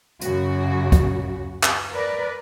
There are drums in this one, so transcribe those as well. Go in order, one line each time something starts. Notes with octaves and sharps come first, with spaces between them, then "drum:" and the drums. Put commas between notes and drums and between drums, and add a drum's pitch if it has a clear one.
F#2 C#3 F#4, drum: hi-hat
drum: kick C#2, hi-hat
drum: clap
A#4 B4 D5